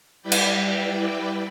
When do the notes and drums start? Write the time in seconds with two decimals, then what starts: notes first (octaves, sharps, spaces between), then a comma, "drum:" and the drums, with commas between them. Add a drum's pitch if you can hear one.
0.22 G3 E4 B4 D5 G5
0.32 drum: cymbal